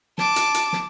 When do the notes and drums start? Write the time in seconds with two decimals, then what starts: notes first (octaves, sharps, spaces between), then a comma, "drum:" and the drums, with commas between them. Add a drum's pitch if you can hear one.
0.18 A5 D6, drum: snare
0.36 drum: hi-hat
0.54 drum: hi-hat
0.73 drum: snare